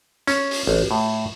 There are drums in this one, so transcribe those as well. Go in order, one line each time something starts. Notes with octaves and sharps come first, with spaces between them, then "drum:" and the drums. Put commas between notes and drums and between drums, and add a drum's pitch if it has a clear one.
C#4, drum: hi-hat
drum: open hi-hat
A1
A2